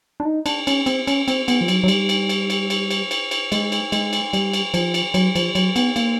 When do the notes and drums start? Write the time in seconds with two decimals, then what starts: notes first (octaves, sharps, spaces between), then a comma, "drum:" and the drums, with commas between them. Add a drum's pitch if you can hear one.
0.20 D4
0.25 D#4
0.46 D4, drum: cymbal
0.67 C#4, drum: cymbal
0.86 C4, drum: cymbal
1.07 C#4, drum: cymbal
1.28 C4, drum: cymbal
1.48 B3, drum: cymbal
1.61 F3
1.68 F#3, drum: cymbal
1.84 F#3
1.88 G3, drum: cymbal
2.09 drum: cymbal
2.29 drum: cymbal
2.50 drum: cymbal
2.70 drum: cymbal
2.91 drum: cymbal
3.11 drum: cymbal
3.31 drum: cymbal
3.52 G#3, drum: cymbal
3.72 drum: cymbal
3.92 G#3, drum: cymbal
4.13 drum: cymbal
4.33 G3, drum: cymbal
4.53 drum: cymbal
4.74 F3, drum: cymbal
4.94 drum: cymbal
5.14 F#3, drum: cymbal
5.36 F3, drum: cymbal
5.55 F#3, drum: cymbal
5.76 B3, drum: cymbal
5.96 A#3, drum: cymbal